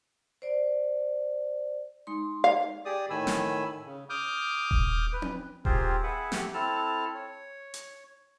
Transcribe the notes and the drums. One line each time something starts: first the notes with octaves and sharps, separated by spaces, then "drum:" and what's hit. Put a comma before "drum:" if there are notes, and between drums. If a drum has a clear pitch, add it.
C5 D5
G#3 D#4 C6
F5
G4 G#4 D5 D#6
A2 D#3 G#5 B5 E6
drum: snare
C#3
D6 D#6 F6 G6
drum: kick D#1
B4
drum: tom C4
C4 F4 G4 G#4 A#4 C5, drum: kick D#1
G#4 B4 E5 F#5
A3 G4 F#5, drum: snare
C4 E4 A4 A5 F6
C#5
drum: hi-hat